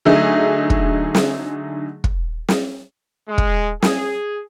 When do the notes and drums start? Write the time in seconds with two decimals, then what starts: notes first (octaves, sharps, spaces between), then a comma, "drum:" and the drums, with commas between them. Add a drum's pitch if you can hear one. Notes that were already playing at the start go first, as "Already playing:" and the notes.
0.05 D3 F#3 A3 D#4 G#4
0.70 drum: kick
1.15 drum: snare
2.04 drum: kick
2.49 drum: snare
3.29 G#3
3.38 drum: kick
3.82 G#4, drum: snare